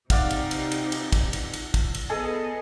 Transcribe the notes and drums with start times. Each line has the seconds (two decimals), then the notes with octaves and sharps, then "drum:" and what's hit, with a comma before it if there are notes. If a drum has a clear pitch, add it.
0.10 C3 D#4 G4 D5 F5 F#5, drum: kick, cymbal
0.31 drum: cymbal
0.51 drum: cymbal
0.72 drum: cymbal
0.92 drum: cymbal
1.13 drum: kick, cymbal
1.33 drum: cymbal
1.53 drum: cymbal
1.74 drum: kick, cymbal
1.94 drum: cymbal
2.10 B3 G#4 A4 D#5